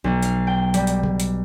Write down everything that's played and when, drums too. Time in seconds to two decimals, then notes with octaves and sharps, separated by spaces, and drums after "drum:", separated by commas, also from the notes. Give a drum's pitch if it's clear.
0.04 B1
0.23 F5, drum: hi-hat
0.47 G5
0.74 G3, drum: hi-hat
0.87 drum: hi-hat
1.03 drum: tom C3
1.20 drum: hi-hat